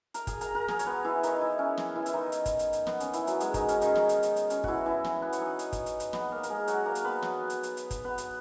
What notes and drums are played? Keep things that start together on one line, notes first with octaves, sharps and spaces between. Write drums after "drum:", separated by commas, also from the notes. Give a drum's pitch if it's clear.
A#4 A#5, drum: hi-hat
G#4 G#5, drum: kick, hi-hat
A#4 A#5, drum: hi-hat
A#4 A#5
G#4 G#5, drum: snare
C#5, drum: hi-hat
B3 B4
E3 E4
D#3 D#4, drum: hi-hat
E3 E4
C#4
drum: snare
E3 E4
E4, drum: hi-hat
D#3 D#4
drum: hi-hat
drum: kick, hi-hat
drum: hi-hat
drum: hi-hat
B3, drum: snare
C#4, drum: hi-hat
E3 E4, drum: hi-hat
F#3 F#4, drum: hi-hat
G#3 G#4, drum: hi-hat
D#3 D#4, drum: kick, hi-hat
C#4, drum: hi-hat
D#3 D#4, drum: hi-hat
drum: snare
drum: hi-hat
drum: hi-hat
drum: hi-hat
C#4, drum: hi-hat
E3 E4 F#4, drum: kick
E3 E4
drum: snare
B3 B4
C#5, drum: hi-hat
D#4 D#5
drum: hi-hat
drum: kick, hi-hat
drum: hi-hat
drum: hi-hat
B3 B4, drum: snare
A#3 A#4
A#4, drum: hi-hat
G#3 G#4
F#3 F#4, drum: hi-hat
A#3 A#4
drum: hi-hat
B3 B4
drum: snare
drum: hi-hat
drum: hi-hat
drum: hi-hat
drum: kick, hi-hat
B3 B4
drum: hi-hat